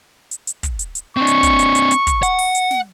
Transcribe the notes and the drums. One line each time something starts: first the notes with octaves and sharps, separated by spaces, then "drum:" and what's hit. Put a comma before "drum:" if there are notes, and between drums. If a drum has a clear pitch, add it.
drum: hi-hat
drum: hi-hat
drum: kick, hi-hat
drum: hi-hat
drum: hi-hat
C4 D4 C#6
drum: hi-hat
drum: kick, hi-hat
drum: hi-hat
drum: hi-hat
drum: hi-hat
drum: kick, hi-hat
F#5, drum: hi-hat
drum: open hi-hat
drum: hi-hat
drum: snare